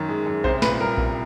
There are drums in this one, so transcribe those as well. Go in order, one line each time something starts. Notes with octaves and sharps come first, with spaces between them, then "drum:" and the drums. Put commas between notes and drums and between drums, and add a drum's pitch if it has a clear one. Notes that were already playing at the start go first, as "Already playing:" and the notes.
Already playing: F#2 D#3
G#3
F#2
C2 C5, drum: kick A#1
A#2 B4, drum: snare
G3 A#4
C2, drum: kick A#1